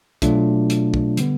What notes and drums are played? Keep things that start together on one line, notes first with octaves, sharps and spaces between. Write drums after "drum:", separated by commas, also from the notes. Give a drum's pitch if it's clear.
B2 F#3 A3 D4 F4, drum: kick, hi-hat
drum: hi-hat
drum: kick
D3 G3 B3, drum: hi-hat